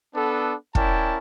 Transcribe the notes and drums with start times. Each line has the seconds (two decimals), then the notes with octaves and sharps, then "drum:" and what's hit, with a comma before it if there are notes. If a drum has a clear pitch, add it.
0.14 B3 D4 A4
0.75 C#4 E4 A#4 D5 G5 A5, drum: kick